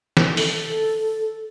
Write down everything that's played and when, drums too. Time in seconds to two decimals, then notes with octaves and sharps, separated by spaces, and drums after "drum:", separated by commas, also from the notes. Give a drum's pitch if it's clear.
0.17 drum: snare
0.37 A4, drum: open hi-hat